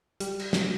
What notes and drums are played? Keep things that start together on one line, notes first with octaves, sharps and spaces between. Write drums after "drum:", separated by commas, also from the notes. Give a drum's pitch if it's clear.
G3, drum: hi-hat
drum: cymbal
drum: snare